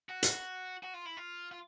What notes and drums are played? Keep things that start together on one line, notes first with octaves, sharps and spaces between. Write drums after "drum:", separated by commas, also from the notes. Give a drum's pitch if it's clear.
F#4
drum: hi-hat
F#4
F4
E4
F4
F4